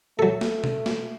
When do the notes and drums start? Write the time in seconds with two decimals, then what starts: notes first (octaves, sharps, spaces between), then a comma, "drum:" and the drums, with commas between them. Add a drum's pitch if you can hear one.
0.19 F#3 A3 A4
0.41 drum: snare
0.64 drum: tom B2
0.86 drum: snare